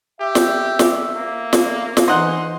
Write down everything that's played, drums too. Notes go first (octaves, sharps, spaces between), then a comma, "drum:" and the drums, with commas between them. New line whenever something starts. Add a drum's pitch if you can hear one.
G4 E5
drum: snare
drum: snare
A#3
drum: snare
drum: snare
E3 D#4 C5 F#5 C6